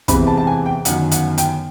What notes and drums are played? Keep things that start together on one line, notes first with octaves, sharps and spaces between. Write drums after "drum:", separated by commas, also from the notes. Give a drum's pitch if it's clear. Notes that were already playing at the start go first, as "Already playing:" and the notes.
E2 C3 E3 G#3 C4 B5, drum: kick, hi-hat
A5
A5
G#5
G5
G1 F#2 D#3 F#5, drum: hi-hat
F#5, drum: hi-hat
G5, drum: hi-hat